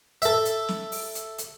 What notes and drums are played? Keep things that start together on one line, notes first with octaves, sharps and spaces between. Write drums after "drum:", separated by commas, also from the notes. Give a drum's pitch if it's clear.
A4 E5, drum: hi-hat
drum: hi-hat
drum: snare
drum: open hi-hat
drum: hi-hat
drum: hi-hat